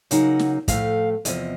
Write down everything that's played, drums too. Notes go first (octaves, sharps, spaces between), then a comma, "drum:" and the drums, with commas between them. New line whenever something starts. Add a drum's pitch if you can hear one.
C#3 F#3 A#3 D#4 F#5, drum: hi-hat
drum: snare
A2 F3 A3 F5, drum: kick, hi-hat
E2 C3 F3 D#5, drum: hi-hat